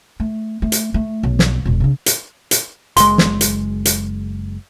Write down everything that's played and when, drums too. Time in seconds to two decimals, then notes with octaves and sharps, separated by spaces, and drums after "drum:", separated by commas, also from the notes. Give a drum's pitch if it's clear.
0.20 A3
0.62 A3
0.72 drum: hi-hat
0.94 A3
1.23 B1
1.39 drum: snare
1.65 E1 A#2
1.80 C#3 D4
2.06 drum: hi-hat
2.51 drum: hi-hat
2.97 F#1 G#3 C6, drum: hi-hat
3.18 drum: snare
3.41 drum: hi-hat
3.85 drum: hi-hat